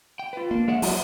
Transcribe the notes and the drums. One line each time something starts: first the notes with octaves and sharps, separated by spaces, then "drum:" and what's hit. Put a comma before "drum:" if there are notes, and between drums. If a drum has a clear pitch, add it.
G5
F4 B4
A#3 D4
G#3 C#5 E5 F#5
F#3 E4, drum: open hi-hat